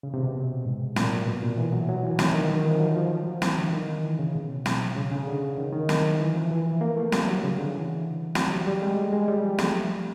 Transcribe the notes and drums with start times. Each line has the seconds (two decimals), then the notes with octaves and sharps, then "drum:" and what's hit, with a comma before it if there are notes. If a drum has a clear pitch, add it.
0.03 C#3
0.14 C3
0.24 B2
0.65 G#2
0.96 A#2, drum: snare
1.26 B2
1.42 A#2
1.57 E3
1.73 F#3
1.88 F#3
2.04 E3
2.19 D#3, drum: snare
2.34 D#3
2.49 D#3
2.60 E3
2.70 F3
2.80 F#3
2.96 F3
3.26 F#3
3.42 E3, drum: snare
3.58 D3
3.73 D#3
4.04 E3
4.19 C#3
4.35 B2
4.66 drum: snare
4.96 C#3
5.11 C#3
5.27 D3
5.58 D#3
5.73 D#3
5.89 drum: snare
6.20 E3
6.35 F3
6.50 E3
6.81 A#3
6.97 A3
7.12 G3, drum: snare
7.28 F#3
7.43 C#3
7.59 D3
7.74 E3
8.35 F#3, drum: snare
8.51 G3
8.67 G3
8.82 G#3
8.97 A3
9.13 G#3
9.28 G3
9.44 F3
9.58 A3, drum: snare